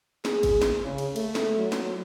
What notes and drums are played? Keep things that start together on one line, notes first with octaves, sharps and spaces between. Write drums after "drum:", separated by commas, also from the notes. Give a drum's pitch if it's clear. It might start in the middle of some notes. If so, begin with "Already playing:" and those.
G#4, drum: snare
drum: kick G1, cymbal
drum: snare
C#3
drum: cymbal
A3, drum: cymbal
drum: snare
F#3
drum: snare